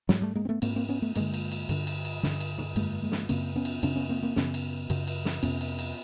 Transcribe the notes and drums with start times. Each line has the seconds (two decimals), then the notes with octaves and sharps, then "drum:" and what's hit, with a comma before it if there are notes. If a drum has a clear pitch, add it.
0.09 G#2 F#3 G#3, drum: snare
0.22 G3 A3
0.35 G#3 A#3
0.45 C4
0.49 A3 B3
0.62 G#2 A#3 C4, drum: cymbal
0.76 A#3 C4
0.89 B3 C#4
1.02 A3 B3
1.15 G2 D3 G#3 A#3, drum: cymbal
1.34 drum: cymbal
1.51 drum: cymbal
1.69 G2 D3, drum: cymbal
1.87 drum: cymbal
2.05 drum: cymbal
2.23 G2 D3, drum: snare
2.40 drum: cymbal
2.58 drum: tom
2.76 G2 D3 G#3 A#3, drum: cymbal
3.02 G#3 A#3
3.12 drum: snare
3.29 F#2 C#3 A#3 C4, drum: cymbal
3.56 B3 C#4
3.65 drum: cymbal
3.83 F#2 C#3 C4 D4, drum: cymbal
3.96 B3 C#4
4.09 A#3 C4
4.22 A#3 C4
4.36 F#2 C#3 B3 C#4, drum: snare
4.54 drum: cymbal
4.90 F#2 C#3, drum: cymbal
5.07 drum: cymbal
5.25 drum: snare
5.43 F2 C3 B3 C#4, drum: cymbal
5.61 drum: cymbal
5.79 drum: cymbal